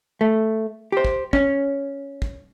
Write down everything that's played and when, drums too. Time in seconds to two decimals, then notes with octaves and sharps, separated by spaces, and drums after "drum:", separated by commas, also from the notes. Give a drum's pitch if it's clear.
0.21 A3
0.92 G4 C5
1.05 drum: kick
1.33 C#4, drum: kick
2.22 drum: kick